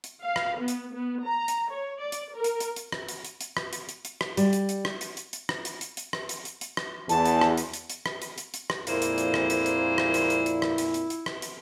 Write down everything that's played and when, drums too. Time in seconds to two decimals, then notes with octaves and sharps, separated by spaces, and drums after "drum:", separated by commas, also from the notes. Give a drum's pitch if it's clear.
0.04 drum: hi-hat
0.22 F5
0.36 drum: rim click
0.58 B3
0.68 drum: hi-hat
0.91 B3
1.24 A#5
1.48 drum: hi-hat
1.72 C#5
2.01 D5
2.12 drum: hi-hat
2.33 A#4
2.44 drum: hi-hat
2.60 drum: hi-hat
2.76 drum: hi-hat
2.92 drum: rim click
3.08 drum: hi-hat
3.25 drum: hi-hat
3.41 drum: hi-hat
3.57 drum: rim click
3.73 drum: hi-hat
3.89 drum: hi-hat
4.05 drum: hi-hat
4.21 drum: rim click
4.37 G3, drum: hi-hat
4.53 drum: hi-hat
4.69 drum: hi-hat
4.85 drum: rim click
5.01 drum: hi-hat
5.17 drum: hi-hat
5.33 drum: hi-hat
5.49 drum: rim click
5.65 drum: hi-hat
5.81 drum: hi-hat
5.97 drum: hi-hat
6.13 drum: rim click
6.29 drum: hi-hat
6.45 drum: hi-hat
6.61 drum: hi-hat
6.77 drum: rim click
7.09 E2 A5, drum: hi-hat
7.25 drum: hi-hat
7.41 drum: rim click
7.57 drum: hi-hat
7.74 drum: hi-hat
7.90 drum: hi-hat
8.06 drum: rim click
8.22 drum: hi-hat
8.38 drum: hi-hat
8.54 drum: hi-hat
8.70 drum: rim click
8.87 F2 A#2 G#3 A#3 E4 C5, drum: hi-hat
9.02 drum: hi-hat
9.18 drum: hi-hat
9.34 drum: rim click
9.50 drum: hi-hat
9.66 drum: hi-hat
9.98 drum: rim click
10.14 drum: hi-hat
10.30 drum: hi-hat
10.46 drum: hi-hat
10.62 drum: rim click
10.78 drum: hi-hat
10.94 drum: hi-hat
11.10 drum: hi-hat
11.26 drum: rim click
11.42 drum: hi-hat